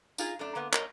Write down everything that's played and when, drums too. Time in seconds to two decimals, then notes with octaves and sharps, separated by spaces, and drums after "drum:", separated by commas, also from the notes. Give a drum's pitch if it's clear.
0.18 D#4 F4 G#4, drum: tambourine
0.39 F#2 A3 D4
0.55 D3 A#3 B3
0.73 G2 A#4 C#5 D#5, drum: clap